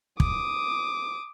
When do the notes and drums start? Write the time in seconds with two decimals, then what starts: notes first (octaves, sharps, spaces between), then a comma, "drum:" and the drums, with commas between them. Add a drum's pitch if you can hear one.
0.20 D6 D#6, drum: kick